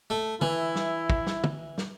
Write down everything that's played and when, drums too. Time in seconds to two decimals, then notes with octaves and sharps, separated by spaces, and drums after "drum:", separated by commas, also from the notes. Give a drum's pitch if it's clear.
0.10 A3
0.41 E3 E4, drum: tom
0.75 drum: snare
1.10 drum: kick
1.27 drum: snare
1.44 drum: tom
1.78 drum: snare